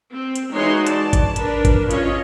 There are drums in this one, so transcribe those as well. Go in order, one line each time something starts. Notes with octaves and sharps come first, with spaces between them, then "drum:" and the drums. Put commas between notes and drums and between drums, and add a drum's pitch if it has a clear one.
C4
drum: hi-hat
E3 G#3 D#4 F#4 C#5 C6
D5 A5, drum: hi-hat
drum: kick, hi-hat
D4 A#4 B4, drum: hi-hat
drum: kick, hi-hat
C#4 F4 G#4 C#5 D#5, drum: hi-hat